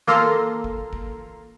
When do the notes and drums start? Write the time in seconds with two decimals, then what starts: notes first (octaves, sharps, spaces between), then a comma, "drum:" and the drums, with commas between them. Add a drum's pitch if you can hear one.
0.07 A#3 F4 A4 A#5 C6, drum: snare
0.64 drum: kick
0.93 drum: kick